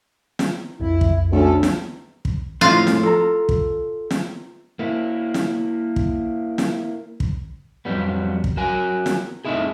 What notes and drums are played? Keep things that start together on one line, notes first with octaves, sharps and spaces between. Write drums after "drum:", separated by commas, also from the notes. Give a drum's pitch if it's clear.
drum: snare
B1 F2 E4
drum: kick
D2 C#4 A4
drum: snare
drum: kick
F2 A2 F4
drum: snare
A4 A#5
drum: kick
drum: snare
A#3 E4
drum: snare
drum: kick
drum: snare
drum: kick
F2 F#3 G3 B3
drum: kick
F#3 F#4 A#4 G#5
drum: snare
A3 C4 D#4 E4 G#4